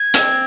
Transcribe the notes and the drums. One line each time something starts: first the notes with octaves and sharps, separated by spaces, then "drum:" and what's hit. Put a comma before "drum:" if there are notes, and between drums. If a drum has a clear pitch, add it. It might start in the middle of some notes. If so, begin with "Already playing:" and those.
Already playing: G#6
C4, drum: hi-hat